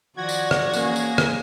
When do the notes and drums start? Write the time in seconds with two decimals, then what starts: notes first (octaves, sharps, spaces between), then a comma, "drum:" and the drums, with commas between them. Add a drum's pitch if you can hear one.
0.17 D#3 F3 F#4 D5 G#6 A#6
0.29 drum: tambourine
0.51 drum: rim click
0.73 E3 A#3 C#4 G#4, drum: tambourine
0.96 drum: tambourine
1.18 drum: rim click